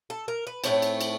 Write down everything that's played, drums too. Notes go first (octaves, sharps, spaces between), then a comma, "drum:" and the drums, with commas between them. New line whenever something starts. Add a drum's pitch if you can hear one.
A4
A#4
B4
A2 F3 A3 C4 C#5, drum: cymbal
drum: cymbal
drum: cymbal